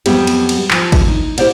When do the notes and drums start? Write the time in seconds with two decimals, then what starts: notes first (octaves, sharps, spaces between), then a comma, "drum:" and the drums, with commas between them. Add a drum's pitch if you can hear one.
0.06 F2 F#3 G3 B3 G4 E5, drum: cymbal
0.27 drum: cymbal
0.49 drum: cymbal
0.71 F3, drum: clap
0.92 drum: kick G#1, cymbal
1.08 D#4
1.38 E4 G4 C5 D5 F5, drum: cymbal